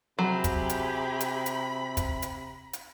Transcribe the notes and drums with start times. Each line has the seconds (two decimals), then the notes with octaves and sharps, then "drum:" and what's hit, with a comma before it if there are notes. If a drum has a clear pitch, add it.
0.19 C3 F#3 G4 G#4 B5
0.44 drum: kick, hi-hat
0.70 drum: hi-hat
1.20 drum: hi-hat
1.46 drum: hi-hat
1.97 drum: kick, hi-hat
2.22 drum: hi-hat
2.73 drum: hi-hat